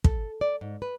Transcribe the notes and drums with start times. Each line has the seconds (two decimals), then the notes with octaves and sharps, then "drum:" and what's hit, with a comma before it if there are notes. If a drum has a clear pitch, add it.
0.04 A4, drum: kick
0.41 D5
0.61 G#2
0.82 B4